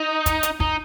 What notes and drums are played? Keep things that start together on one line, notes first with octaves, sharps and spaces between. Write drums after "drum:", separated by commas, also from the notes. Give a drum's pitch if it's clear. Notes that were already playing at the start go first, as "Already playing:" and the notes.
Already playing: D#4
drum: kick, hi-hat
drum: hi-hat
D#4, drum: kick